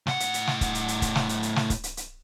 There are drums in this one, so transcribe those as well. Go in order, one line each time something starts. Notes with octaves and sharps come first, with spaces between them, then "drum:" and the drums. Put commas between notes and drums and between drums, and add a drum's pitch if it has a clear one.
A2 F#5, drum: snare
drum: hi-hat
drum: hi-hat
drum: snare
drum: kick C#1, hi-hat
drum: hi-hat
drum: hi-hat
drum: kick C#1, hi-hat
drum: snare
drum: hi-hat
drum: hi-hat
drum: snare
drum: kick C#1, hi-hat
drum: hi-hat
drum: hi-hat